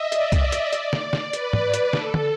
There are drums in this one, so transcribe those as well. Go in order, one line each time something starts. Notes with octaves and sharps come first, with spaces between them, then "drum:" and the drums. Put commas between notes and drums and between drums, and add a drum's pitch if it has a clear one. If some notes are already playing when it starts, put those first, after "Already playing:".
Already playing: D#5 E5
D5, drum: hi-hat
drum: kick C2, hi-hat
drum: hi-hat
drum: hi-hat
drum: snare
drum: snare
B4, drum: hi-hat
drum: tom G#2
B4
drum: hi-hat
A4, drum: snare
drum: tom